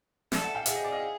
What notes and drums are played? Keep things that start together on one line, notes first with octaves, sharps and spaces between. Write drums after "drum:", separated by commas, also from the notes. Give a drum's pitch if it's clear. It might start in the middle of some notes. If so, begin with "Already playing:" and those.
A4 D5 E5, drum: snare
E5 F#5
F5 G5
G#4 E5 F#5, drum: hi-hat
D#5
D5
D#5 F5